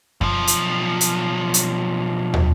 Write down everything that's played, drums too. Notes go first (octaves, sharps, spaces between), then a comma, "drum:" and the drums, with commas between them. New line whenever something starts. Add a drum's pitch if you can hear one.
B1 F3, drum: kick F#2
drum: hi-hat
drum: hi-hat
drum: hi-hat
drum: tom